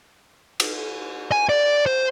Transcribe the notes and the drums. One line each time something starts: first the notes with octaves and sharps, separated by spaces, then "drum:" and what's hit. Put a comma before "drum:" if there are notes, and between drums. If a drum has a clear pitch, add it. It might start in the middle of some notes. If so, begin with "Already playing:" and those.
drum: cymbal
G#5
D5
C5